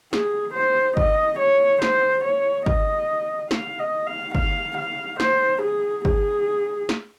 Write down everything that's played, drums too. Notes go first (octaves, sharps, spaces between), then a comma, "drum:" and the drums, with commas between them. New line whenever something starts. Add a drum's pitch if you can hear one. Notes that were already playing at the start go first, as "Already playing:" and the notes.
G#4, drum: snare
C5
D#5, drum: kick
C#5
C5, drum: snare
C#5
D#5, drum: kick
F5, drum: snare
D#5
F5
F5, drum: kick
F5
C5, drum: snare
G#4
G#4, drum: kick
drum: snare